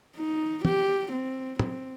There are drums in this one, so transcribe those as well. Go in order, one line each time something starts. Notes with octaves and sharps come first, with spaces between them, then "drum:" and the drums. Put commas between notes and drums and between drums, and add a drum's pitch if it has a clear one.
D#4
G4, drum: tom
C4
C4, drum: tom